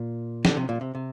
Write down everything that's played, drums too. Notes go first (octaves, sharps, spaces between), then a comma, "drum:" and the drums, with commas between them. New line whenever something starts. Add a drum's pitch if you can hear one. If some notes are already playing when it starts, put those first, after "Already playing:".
Already playing: A#2
D3, drum: snare
C3
A#2
C3
C3